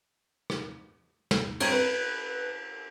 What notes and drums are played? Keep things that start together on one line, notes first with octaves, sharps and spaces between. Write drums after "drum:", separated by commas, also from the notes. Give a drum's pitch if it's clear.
drum: rim click
drum: snare
G2 C4 C#5 A#5 G#6 D#7, drum: cymbal
B4